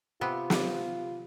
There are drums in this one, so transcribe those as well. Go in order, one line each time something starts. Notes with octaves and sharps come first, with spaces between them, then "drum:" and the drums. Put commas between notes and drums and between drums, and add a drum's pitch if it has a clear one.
C3 B3 F4
drum: snare